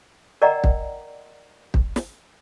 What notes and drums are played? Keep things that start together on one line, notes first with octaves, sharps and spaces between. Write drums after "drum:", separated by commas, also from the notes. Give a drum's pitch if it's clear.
A#4 D5 D#5 F#5 G5 A#5
drum: kick
drum: kick
drum: snare